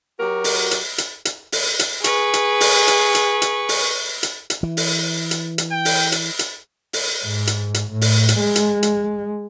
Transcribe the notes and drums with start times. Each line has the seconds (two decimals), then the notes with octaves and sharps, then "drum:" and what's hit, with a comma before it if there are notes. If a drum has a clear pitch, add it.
0.20 F#3 F#4 G4 A#4
0.44 drum: open hi-hat
0.71 drum: hi-hat
0.98 drum: hi-hat
1.25 drum: hi-hat
1.52 drum: open hi-hat
1.79 drum: hi-hat
2.04 G#4 B4 C#6, drum: hi-hat
2.33 drum: hi-hat
2.61 drum: open hi-hat
2.88 drum: hi-hat
3.15 drum: hi-hat
3.42 drum: hi-hat
3.69 drum: open hi-hat
4.23 drum: hi-hat
4.50 drum: hi-hat
4.63 E3
4.77 drum: open hi-hat
5.31 drum: hi-hat
5.58 drum: hi-hat
5.72 G5
5.85 drum: open hi-hat
6.12 drum: hi-hat
6.39 drum: hi-hat
6.93 drum: open hi-hat
7.25 G#2
7.47 drum: hi-hat
7.74 drum: hi-hat
7.91 A2
8.01 drum: open hi-hat
8.28 drum: hi-hat
8.40 G#3
8.56 drum: hi-hat
8.83 drum: hi-hat